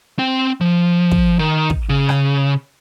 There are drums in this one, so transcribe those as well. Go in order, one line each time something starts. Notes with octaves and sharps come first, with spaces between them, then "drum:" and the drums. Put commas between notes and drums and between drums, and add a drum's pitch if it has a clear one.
C4 G5
F3
drum: kick
D#3
drum: kick
C#3
drum: rim click